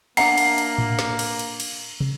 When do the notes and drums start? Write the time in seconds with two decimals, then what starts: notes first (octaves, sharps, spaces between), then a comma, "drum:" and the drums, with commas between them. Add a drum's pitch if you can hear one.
0.17 A#3 D4 E5 F#5 A#5 C7, drum: cymbal
0.38 drum: cymbal
0.58 drum: cymbal
0.78 drum: tom A2
0.99 drum: snare
1.19 drum: cymbal
1.39 drum: cymbal
1.60 drum: cymbal
2.00 drum: tom